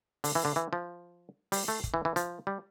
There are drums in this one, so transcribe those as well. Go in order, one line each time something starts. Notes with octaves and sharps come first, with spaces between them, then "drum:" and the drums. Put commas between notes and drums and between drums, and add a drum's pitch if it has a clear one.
D3, drum: open hi-hat
E3
D3
E3
F3
G3, drum: open hi-hat
A3
drum: kick
E3
E3
F3, drum: hi-hat
G3